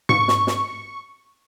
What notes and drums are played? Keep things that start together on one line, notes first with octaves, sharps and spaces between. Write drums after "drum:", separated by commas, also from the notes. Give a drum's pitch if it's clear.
C#6, drum: tom G#2
drum: snare
drum: snare